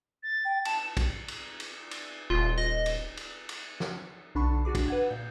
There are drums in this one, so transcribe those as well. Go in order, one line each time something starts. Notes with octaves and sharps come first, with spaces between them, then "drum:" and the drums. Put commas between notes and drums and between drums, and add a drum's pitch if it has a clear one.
A6
G5
A5 E7, drum: cymbal
drum: kick, cymbal
drum: cymbal
drum: cymbal
drum: cymbal
D#1 F4
D#5
drum: cymbal
drum: cymbal
drum: cymbal
drum: snare
B1 D3 D4 A5 B5 C#6
D4 F#4 G#4 D6
drum: kick, cymbal
B4 F#5 G#6
A#2 G6